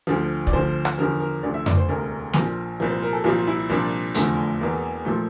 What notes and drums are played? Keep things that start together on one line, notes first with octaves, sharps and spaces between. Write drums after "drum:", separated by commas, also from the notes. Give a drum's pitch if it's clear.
D2 D3 F3
D5, drum: kick
D2 D3 F3 C5
drum: rim click
E2 D3 F3 A#4
A#4
D2 D3 F3 D5
E5
D5, drum: tom F2
C5
E1 D2 C3 A#4
A#1 A#2 F3, drum: snare
C2 A#2 F3
C5
A#4
A4
C2 A#2 F3 F4
E4
C2 A#2 F3 D4
F1 E2 D3 F3 A3, drum: hi-hat
E1 E2 E3 A#3
A#2 F3 A3